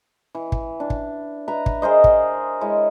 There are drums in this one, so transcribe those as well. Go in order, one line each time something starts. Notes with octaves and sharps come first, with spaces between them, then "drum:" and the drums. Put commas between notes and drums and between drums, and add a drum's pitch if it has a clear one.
E3
drum: kick
D4
drum: kick
B4 E5 A#5
drum: kick
G#4 A#4 C5 D#5
drum: kick
G#3 E4 C#5